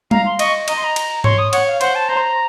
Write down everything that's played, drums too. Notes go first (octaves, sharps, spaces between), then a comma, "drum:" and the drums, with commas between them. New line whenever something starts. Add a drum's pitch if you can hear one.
F5 A#5, drum: tom G3
C6
D#5 C#6, drum: cymbal
D#5 A#5, drum: cymbal
C6
A#5
drum: cymbal
C#5 C6, drum: tom G#2
D#6
C#5 F#5, drum: cymbal
F5
C5 F#5, drum: cymbal
A5
C5 A#5